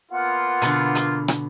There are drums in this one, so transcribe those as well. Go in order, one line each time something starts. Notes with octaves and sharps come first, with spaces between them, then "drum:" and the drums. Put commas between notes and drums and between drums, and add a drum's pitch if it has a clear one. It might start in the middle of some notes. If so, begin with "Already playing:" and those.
A#3 B3 F4 F#5
B2 D3, drum: hi-hat
drum: hi-hat
drum: rim click